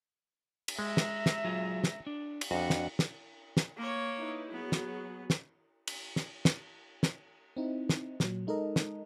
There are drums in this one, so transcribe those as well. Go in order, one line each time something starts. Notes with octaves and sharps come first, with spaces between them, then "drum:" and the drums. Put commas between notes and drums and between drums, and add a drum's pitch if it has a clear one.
drum: cymbal
G#3 E5 A#5
drum: snare
drum: snare
F#3 F4 G#4
drum: snare
D4
drum: cymbal
F2 D4 F#4 F#5
drum: snare
drum: snare
drum: snare
A#3 C#5
D#4 E4 B4
F#3 B3 G#4
drum: snare
drum: snare
drum: cymbal
drum: snare
drum: snare
drum: snare
C4 D#4 E4
drum: snare
A#2 F#3, drum: snare
G#3 D#4 A4 A#4 D#5
drum: snare